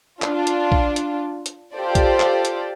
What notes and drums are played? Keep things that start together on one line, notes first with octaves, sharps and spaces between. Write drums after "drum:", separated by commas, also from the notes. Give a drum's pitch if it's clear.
D4 F4, drum: clap
drum: hi-hat
drum: kick
drum: hi-hat
drum: hi-hat
F4 G4 A4 C5 D5
drum: kick, hi-hat
drum: clap
drum: hi-hat